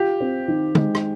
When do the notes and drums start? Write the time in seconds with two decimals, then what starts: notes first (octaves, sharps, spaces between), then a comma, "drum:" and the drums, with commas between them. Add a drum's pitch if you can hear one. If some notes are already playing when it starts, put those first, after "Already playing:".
Already playing: F4 G4
0.21 C4
0.48 D#3
0.75 G#3, drum: tom
0.95 drum: rim click